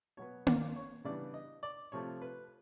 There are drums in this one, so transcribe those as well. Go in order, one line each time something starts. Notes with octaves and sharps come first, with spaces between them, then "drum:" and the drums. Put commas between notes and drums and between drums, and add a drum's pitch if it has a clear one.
B2 F#3 B3 C#5
D5, drum: tom A#3
C#5
C#3 E3 G3 B3 D4 D5
D#5
D5
C3 F3 A3 C#5
B4